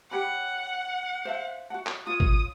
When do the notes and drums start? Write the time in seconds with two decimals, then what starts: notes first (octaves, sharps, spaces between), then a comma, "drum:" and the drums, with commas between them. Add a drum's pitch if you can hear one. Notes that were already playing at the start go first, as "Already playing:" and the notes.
0.11 G4 C#5 F#5 B5
1.25 C5 E5 F5
1.70 F#4 F#5
1.87 drum: clap
2.07 F4 C#5 D#6
2.20 drum: kick G#1